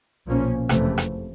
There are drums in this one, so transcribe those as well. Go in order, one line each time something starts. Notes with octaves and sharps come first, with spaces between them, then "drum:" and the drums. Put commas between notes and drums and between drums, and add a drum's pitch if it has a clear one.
B1 A#2 F3 A#3 C#4
F#1 F2 C3 E3 A3, drum: rim click
drum: rim click